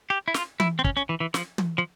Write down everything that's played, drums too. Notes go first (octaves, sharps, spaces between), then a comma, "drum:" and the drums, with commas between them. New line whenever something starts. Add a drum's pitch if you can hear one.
G4
E4
F4, drum: snare
E4, drum: tom
C4
C#4, drum: kick
C#4
E3
E3
F3, drum: snare
drum: tom
F3